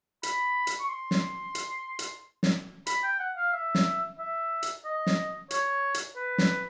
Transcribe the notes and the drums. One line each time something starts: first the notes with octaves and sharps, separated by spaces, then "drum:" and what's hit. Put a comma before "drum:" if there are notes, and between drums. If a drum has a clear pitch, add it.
B5, drum: hi-hat
drum: hi-hat
C#6
C6
drum: snare
drum: hi-hat
drum: hi-hat
drum: snare
B5, drum: hi-hat
G5
F#5
F5
E5
drum: snare
E5
drum: hi-hat
D#5
drum: snare
C#5, drum: hi-hat
drum: hi-hat
B4
drum: snare